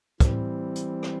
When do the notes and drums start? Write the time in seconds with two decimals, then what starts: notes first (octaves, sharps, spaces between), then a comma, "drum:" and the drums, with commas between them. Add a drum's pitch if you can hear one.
0.20 E3 G3 C4, drum: kick, hi-hat
0.76 drum: hi-hat
1.03 drum: rim click